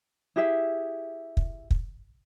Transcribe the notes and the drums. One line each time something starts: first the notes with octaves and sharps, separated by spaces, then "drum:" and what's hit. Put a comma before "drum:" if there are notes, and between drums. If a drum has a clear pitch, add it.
E4 G4 G#4 E5
drum: kick
drum: kick